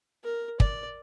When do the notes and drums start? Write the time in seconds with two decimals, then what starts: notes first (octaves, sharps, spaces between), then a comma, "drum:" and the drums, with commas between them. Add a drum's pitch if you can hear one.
0.24 A#4
0.60 D5, drum: kick